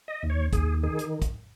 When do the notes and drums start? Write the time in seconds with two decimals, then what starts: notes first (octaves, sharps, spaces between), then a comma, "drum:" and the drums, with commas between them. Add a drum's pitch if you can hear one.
0.08 D#5
0.23 D#2
0.30 C#5
0.53 D#2 G#4, drum: kick, hi-hat
0.83 D#3 G#4
0.99 drum: hi-hat
1.22 drum: kick, hi-hat